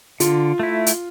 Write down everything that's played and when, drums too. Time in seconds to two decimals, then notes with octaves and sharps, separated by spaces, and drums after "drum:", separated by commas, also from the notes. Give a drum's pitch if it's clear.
0.20 D3 F4, drum: hi-hat
0.60 A3 E4
0.86 drum: hi-hat